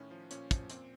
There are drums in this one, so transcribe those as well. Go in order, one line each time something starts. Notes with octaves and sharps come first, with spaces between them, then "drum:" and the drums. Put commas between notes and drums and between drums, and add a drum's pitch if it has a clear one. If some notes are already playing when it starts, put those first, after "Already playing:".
Already playing: A2 D#3 C#4
F3
A#2 C#4, drum: hi-hat
F3, drum: kick, hi-hat
A#2 C4, drum: hi-hat